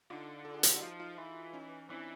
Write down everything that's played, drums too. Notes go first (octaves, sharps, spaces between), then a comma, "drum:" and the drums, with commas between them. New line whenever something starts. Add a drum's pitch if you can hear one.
D3 D#4 F4
A4
G#4
G4, drum: hi-hat
F#4
F3 D#4 F4
D#4 F4
E3
C#4 D#4
E3 C4 D4